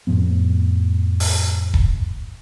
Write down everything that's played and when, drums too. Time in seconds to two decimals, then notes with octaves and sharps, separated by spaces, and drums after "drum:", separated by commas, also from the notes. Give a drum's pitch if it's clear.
0.07 F2 A2 F3 B3
1.20 drum: open hi-hat
1.74 drum: kick D#1